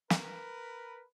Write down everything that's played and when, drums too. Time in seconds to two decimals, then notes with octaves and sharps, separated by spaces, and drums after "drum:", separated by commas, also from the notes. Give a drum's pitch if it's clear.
0.10 A#4 B4, drum: snare